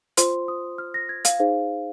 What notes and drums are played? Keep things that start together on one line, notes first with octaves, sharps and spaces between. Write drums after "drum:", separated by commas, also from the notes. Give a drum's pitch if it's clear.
F4 C5 C6, drum: hi-hat
D#6
F6
A#6
G#6
F5, drum: hi-hat
D#4 G#4 C5 F5